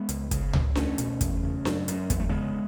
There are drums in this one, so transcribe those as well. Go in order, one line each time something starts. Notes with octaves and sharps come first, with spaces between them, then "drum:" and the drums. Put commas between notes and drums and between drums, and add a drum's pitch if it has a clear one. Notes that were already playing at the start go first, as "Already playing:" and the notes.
Already playing: G#3 B3
C#2, drum: hi-hat
C#3, drum: kick, hi-hat
C#2, drum: tom C#2
E2 A3 C#4, drum: snare D4
B2, drum: hi-hat
E2, drum: kick, hi-hat
C#3
F#2, drum: snare D4
F#2, drum: hi-hat
E2 B3, drum: kick, hi-hat
A3
C#3 G#3 B3